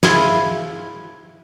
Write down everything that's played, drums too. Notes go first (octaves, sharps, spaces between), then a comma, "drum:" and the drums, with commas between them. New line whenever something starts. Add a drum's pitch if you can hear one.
E4 F4 G#4 G#5, drum: snare